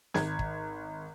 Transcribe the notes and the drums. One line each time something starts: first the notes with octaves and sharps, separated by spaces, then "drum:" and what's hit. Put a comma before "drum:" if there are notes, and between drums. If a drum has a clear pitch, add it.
G#1 G#6, drum: snare
drum: kick